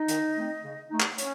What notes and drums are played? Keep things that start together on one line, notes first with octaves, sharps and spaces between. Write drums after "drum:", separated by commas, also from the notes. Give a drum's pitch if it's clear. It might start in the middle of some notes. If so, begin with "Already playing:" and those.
Already playing: D#4 D#5
D#3, drum: hi-hat
A3 C4 D#4
C#3
A3 D#4
drum: clap
C#4 C#5, drum: hi-hat